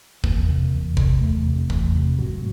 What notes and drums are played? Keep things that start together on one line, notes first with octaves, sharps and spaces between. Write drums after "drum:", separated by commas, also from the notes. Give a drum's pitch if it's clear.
E2 A#3, drum: kick
C3
E2
C3, drum: kick
E2 A3
C3
E2, drum: kick
C3
G#2 F#3